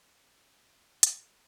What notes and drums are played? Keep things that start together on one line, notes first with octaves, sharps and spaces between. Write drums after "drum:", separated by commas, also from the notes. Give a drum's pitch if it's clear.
C#4
drum: hi-hat